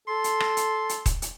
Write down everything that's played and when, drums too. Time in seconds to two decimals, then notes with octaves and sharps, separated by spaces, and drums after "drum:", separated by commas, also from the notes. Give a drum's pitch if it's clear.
0.08 A4 C6
0.24 drum: hi-hat
0.40 drum: rim click
0.57 drum: hi-hat
0.89 drum: hi-hat
1.06 drum: kick D#1, hi-hat
1.22 drum: hi-hat